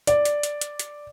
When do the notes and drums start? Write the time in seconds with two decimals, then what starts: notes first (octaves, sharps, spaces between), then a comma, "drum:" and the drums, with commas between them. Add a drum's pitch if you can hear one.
0.07 D5, drum: hi-hat
0.25 drum: hi-hat
0.43 drum: hi-hat
0.61 drum: hi-hat
0.79 drum: hi-hat